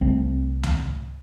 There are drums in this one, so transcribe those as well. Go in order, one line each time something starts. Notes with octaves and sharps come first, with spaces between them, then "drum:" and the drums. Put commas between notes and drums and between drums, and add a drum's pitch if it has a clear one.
C2 A3 C4
drum: tom